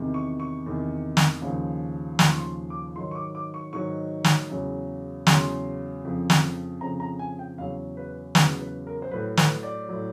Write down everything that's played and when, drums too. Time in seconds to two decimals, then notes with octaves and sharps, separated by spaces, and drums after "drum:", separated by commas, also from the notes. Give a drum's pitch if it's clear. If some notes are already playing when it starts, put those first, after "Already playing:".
Already playing: E2 C3 D#3
0.14 C#6
0.40 C#6
0.66 E2 C3 D#3
1.17 drum: snare
1.42 D#2 C#3 F3
2.19 D#2 C#3 F3 C6, drum: snare
2.27 C#6
2.34 C6
2.70 D6
2.96 G#2 D#3 F#3 C6
3.11 C#6
3.16 D6
3.35 D6
3.54 C#6
3.73 G#2 D#3 F#3 C#6
4.24 drum: snare
4.50 E2 C#3 F#3
5.27 E2 C#3 F#3 C6, drum: snare
6.04 F2 C#3 F3
6.30 drum: snare
6.81 F2 C#3 F3 A#5
7.00 A#5
7.19 G#5
7.39 G5
7.58 E2 C#3 F#3 F5
7.97 B4
8.35 E2 C#3 F#3 B4, drum: snare
8.60 B4
8.87 A#4
9.02 C5
9.11 A2 F#3 B4
9.37 B4, drum: snare
9.63 D5
9.89 A2 F#3